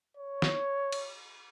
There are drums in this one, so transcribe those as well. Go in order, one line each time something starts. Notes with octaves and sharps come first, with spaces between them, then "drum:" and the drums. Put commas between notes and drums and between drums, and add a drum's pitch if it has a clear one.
C#5
drum: snare
drum: cymbal